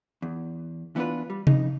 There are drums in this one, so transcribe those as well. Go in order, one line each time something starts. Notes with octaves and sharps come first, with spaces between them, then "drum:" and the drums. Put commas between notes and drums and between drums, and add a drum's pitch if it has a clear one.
E2
E3 B3 D4 F4 B4
G3
F2 C#3 D#4, drum: tom C3